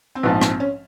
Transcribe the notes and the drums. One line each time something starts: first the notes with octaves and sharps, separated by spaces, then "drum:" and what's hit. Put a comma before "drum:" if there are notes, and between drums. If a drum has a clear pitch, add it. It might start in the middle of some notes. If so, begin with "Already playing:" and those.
C4
A#1 G#2 F3 B3
C4, drum: rim click
C#4